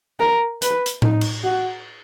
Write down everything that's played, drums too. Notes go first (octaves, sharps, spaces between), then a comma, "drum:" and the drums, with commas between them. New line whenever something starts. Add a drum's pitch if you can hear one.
A#4
B4, drum: hi-hat
drum: hi-hat
D#4, drum: tom A2
drum: cymbal
F#4